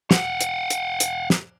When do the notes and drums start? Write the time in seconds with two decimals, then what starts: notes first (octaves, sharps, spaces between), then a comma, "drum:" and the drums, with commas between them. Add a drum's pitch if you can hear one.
0.11 F5 F#5, drum: snare
0.41 drum: hi-hat
0.70 drum: hi-hat
1.00 drum: hi-hat
1.30 drum: snare